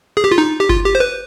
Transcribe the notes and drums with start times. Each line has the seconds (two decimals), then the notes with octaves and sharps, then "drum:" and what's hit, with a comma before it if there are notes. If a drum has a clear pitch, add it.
0.17 G#4
0.24 G4
0.31 F4
0.38 D#4
0.60 G4
0.69 F4, drum: kick G1
0.85 G4
0.95 C5
1.00 B4